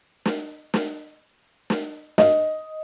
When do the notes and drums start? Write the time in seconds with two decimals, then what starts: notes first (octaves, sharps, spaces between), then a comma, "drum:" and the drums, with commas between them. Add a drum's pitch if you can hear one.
0.26 drum: snare
0.74 drum: snare
1.70 drum: snare
2.18 D#5, drum: snare